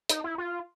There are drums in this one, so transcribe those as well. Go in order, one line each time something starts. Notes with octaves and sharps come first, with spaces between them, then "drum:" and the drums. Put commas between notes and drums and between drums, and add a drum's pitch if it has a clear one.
D#4, drum: hi-hat
E4
F4